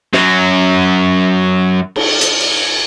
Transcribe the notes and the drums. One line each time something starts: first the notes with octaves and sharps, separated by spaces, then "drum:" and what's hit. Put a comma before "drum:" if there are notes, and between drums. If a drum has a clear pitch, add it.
F#2 F#3, drum: snare
drum: cymbal
drum: hi-hat
drum: cymbal